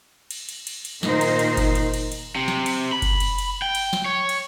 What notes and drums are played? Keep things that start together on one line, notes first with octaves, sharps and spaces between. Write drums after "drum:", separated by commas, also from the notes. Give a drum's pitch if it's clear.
drum: cymbal
drum: cymbal
drum: cymbal
drum: cymbal
A#2 D#3 D#4 A#4 C5, drum: snare
drum: cymbal
drum: cymbal
drum: kick F#1, cymbal
drum: cymbal
drum: cymbal
drum: cymbal
C3
drum: snare
drum: cymbal
B5
drum: kick F#1, cymbal
drum: cymbal
drum: cymbal
G5
drum: cymbal
drum: snare
C#5
drum: cymbal